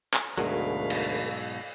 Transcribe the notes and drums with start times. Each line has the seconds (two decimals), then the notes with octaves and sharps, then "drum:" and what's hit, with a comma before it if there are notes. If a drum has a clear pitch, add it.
0.14 drum: clap
0.38 D2 G#2 B2 F#3 G#4 A#4 F5 B5
0.90 drum: cymbal